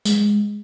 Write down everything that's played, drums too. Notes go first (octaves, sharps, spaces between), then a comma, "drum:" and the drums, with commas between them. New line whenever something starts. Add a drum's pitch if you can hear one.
G#3, drum: tambourine